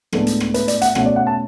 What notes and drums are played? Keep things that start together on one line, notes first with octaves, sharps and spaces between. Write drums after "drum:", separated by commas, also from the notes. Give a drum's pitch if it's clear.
A2 G#3 B3 D4 A4, drum: rim click
drum: hi-hat
drum: rim click
B4, drum: hi-hat
D5, drum: hi-hat
F#5, drum: hi-hat
B2 A3 C#4 F#5, drum: rim click
D5
F#5
A5